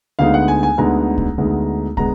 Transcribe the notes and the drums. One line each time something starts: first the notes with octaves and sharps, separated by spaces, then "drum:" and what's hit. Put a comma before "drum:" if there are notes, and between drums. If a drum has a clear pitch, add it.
D2 D3 G#3 B3 D#4 F5
F#5
G#5
G#5
D2 D3 G#3 B3 D#4 A#5
drum: kick
D2 D3 G#3 B3 D#4
D3 G#3 B3 A#5, drum: kick